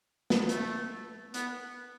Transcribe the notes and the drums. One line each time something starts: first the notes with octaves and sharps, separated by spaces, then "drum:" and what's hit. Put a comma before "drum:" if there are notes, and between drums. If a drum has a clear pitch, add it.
drum: snare
A3, drum: hi-hat
B3, drum: hi-hat